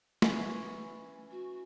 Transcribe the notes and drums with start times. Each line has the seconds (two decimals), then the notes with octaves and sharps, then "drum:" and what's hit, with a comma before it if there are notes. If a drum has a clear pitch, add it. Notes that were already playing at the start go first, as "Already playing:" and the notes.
0.22 E3 C#4, drum: snare
1.31 F#4